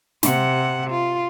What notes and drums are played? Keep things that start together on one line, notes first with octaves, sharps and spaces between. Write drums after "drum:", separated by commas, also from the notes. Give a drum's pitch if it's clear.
C3 F#5, drum: snare
F4